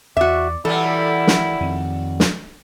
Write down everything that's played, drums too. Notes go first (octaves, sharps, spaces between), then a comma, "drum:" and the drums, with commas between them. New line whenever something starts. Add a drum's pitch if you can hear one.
E2 F#4 D5 E5
A#2 E3 F#3 G3 E4 A4
drum: snare
F2 D#3
drum: snare